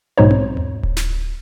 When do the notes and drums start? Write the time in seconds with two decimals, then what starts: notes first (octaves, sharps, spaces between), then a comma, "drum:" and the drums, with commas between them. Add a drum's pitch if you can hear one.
0.18 B1 G#2 B2 D#4 C5 C#5
0.31 drum: tom C4
0.57 drum: tom D#2
0.83 drum: kick D1
0.97 drum: snare